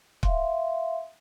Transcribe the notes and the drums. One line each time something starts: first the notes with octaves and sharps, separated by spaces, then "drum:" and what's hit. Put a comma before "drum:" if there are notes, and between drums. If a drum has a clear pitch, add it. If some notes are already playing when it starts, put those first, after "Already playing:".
E5 F5 C6, drum: kick